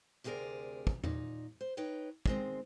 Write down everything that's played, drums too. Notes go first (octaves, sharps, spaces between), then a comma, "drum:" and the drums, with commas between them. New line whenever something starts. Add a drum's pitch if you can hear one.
D2 C3 F4 G#4 A#4 D5
drum: kick
A#2 D#4, drum: tom E2
C5
D#4 B4 C#5 G5
D#3 G#3 C4, drum: kick